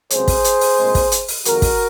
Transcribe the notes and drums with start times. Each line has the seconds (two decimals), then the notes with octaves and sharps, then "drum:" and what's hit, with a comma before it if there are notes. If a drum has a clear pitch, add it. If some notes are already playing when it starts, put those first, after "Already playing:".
0.10 C#2 C3 F#3 C4 G#4 C5, drum: hi-hat
0.28 drum: kick, open hi-hat
0.44 drum: hi-hat
0.61 drum: open hi-hat
0.78 C2 A#2 G#3 C4
0.95 drum: kick, open hi-hat
1.12 drum: hi-hat
1.28 drum: open hi-hat
1.45 F2 D#3 G#3 F#4 A#4, drum: hi-hat
1.62 drum: kick, open hi-hat